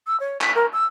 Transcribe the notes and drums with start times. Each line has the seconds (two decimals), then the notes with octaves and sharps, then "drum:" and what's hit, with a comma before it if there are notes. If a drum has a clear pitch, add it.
0.06 E6
0.19 C#5
0.41 B6, drum: clap
0.54 A#4
0.72 E6